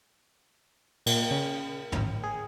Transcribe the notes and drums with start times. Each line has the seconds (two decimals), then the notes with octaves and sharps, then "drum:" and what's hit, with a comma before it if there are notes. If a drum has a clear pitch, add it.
1.06 A#2, drum: cymbal
1.31 C#3
1.92 A1, drum: tom
2.23 G#4